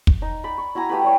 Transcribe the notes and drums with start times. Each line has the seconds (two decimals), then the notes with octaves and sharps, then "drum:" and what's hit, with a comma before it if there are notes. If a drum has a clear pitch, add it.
0.07 drum: kick
0.22 D#4
0.44 D5 B5
0.58 C#6
0.75 E4 F#4 G#5 A#5
0.89 A3 G4 B4 B5
1.04 G3 C#5